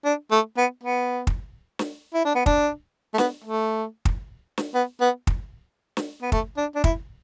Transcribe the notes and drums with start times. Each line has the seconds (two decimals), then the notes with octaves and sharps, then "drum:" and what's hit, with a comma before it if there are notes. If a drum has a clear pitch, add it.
0.05 D4
0.31 A3
0.57 B3
0.83 B3
1.27 drum: kick
1.79 drum: snare
2.14 E4
2.25 D4
2.35 B3
2.46 D4, drum: kick
3.14 A3
3.18 B3, drum: snare
3.44 A3
4.05 drum: kick
4.58 drum: snare
4.75 B3
5.01 B3
5.27 drum: kick
5.97 drum: snare
6.22 B3
6.32 A3, drum: kick
6.57 D4
6.75 D4
6.84 E4, drum: kick